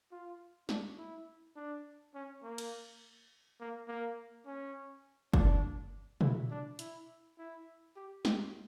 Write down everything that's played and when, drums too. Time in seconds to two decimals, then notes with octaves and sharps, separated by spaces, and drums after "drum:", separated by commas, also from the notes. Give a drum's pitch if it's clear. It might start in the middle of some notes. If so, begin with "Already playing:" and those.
0.12 F4
0.69 D4, drum: snare
0.98 E4
1.56 D4
2.15 C#4
2.43 A#3
2.58 drum: cymbal
3.60 A#3
3.88 A#3
4.46 C#4
5.33 D4, drum: kick F#1
6.21 E4, drum: tom
6.51 D4
6.79 E4, drum: hi-hat
7.38 E4
7.96 G4
8.25 G4, drum: snare